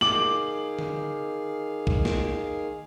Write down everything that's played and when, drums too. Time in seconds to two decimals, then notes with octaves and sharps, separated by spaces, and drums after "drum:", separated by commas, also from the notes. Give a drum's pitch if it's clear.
0.01 D#3 G#4 F5 D6 F#7, drum: snare
0.79 drum: tom D3
1.87 drum: kick B1
2.05 drum: snare